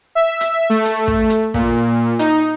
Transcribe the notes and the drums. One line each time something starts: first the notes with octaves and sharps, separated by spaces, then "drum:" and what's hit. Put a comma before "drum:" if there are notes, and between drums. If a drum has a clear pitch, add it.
E5
drum: hi-hat
A3
drum: hi-hat
drum: kick
drum: hi-hat
A#2, drum: kick
D#4, drum: hi-hat